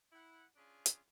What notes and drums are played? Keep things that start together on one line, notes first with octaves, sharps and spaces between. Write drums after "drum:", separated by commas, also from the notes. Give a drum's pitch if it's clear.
E4 F#5
C#4 D4 F4 G#4
drum: hi-hat